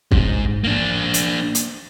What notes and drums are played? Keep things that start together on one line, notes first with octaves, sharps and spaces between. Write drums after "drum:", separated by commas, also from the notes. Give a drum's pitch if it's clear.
G#2, drum: kick
A#3 D4
drum: hi-hat
drum: hi-hat